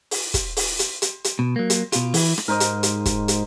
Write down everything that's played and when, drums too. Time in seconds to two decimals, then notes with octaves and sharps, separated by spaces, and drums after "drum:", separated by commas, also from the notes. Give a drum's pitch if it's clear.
0.11 drum: open hi-hat
0.34 drum: kick, hi-hat
0.57 drum: open hi-hat
0.79 drum: hi-hat
1.02 drum: hi-hat
1.24 drum: hi-hat
1.39 B2
1.56 F#3 A#3
1.70 drum: hi-hat
1.92 B2 F4, drum: hi-hat
2.14 E3 E4, drum: open hi-hat
2.38 drum: rim click
2.48 G#2 A#4 C5 D#5
2.60 drum: hi-hat
2.83 drum: hi-hat
3.06 drum: kick, hi-hat
3.28 drum: hi-hat